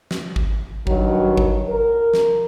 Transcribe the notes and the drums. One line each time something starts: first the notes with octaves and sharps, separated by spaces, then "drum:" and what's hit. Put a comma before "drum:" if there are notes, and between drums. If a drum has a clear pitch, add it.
drum: snare
drum: kick G#1
G2 D#3 F#3, drum: kick G#1
drum: kick G#1
A#4
drum: snare